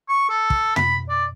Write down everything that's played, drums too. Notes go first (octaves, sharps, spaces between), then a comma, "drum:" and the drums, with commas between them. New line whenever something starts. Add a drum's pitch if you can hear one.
C#6
A4
drum: kick
B5, drum: tom
D5